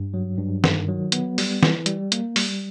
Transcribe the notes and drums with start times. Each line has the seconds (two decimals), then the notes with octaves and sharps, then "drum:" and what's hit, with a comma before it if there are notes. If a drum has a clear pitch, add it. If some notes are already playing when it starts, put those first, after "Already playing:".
Already playing: G2
0.14 F#3
0.38 G2
0.64 D#3, drum: snare
0.88 F#3
1.12 B3, drum: hi-hat
1.38 G3, drum: open hi-hat
1.63 E3, drum: snare
1.86 G3, drum: hi-hat
2.12 A#3, drum: hi-hat
2.36 G3, drum: open hi-hat